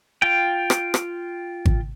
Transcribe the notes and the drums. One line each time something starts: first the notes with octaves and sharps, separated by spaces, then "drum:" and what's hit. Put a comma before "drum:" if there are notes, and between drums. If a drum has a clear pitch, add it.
F4 G5
drum: rim click
drum: rim click
drum: kick G#1